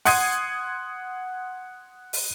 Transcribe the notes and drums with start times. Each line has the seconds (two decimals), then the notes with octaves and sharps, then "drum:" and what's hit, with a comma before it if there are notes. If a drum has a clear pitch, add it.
0.05 F#5 C6 D#6 G#6 C7 D#7, drum: open hi-hat
2.13 drum: open hi-hat